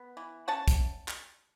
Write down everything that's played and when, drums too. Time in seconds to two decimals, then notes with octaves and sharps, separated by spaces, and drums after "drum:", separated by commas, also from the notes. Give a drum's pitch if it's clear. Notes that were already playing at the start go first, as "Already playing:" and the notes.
Already playing: B3
0.17 E3
0.48 C#4 F#5 A5
0.68 drum: kick, hi-hat
1.08 drum: clap